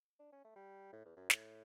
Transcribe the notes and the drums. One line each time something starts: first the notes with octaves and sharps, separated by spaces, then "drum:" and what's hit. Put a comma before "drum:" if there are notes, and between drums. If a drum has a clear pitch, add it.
D4
C#4
A3
G3
A2
E2
F#2
A2, drum: snare